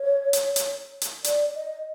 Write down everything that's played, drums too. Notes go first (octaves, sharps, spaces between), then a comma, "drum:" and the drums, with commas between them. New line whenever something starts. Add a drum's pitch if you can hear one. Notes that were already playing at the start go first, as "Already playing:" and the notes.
Already playing: C#5
drum: hi-hat
drum: hi-hat
drum: hi-hat
D5, drum: hi-hat
D#5